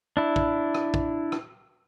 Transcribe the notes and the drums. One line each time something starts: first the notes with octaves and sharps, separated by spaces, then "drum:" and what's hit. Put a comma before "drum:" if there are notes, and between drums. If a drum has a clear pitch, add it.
D4 E4
drum: kick
drum: rim click
drum: kick
drum: rim click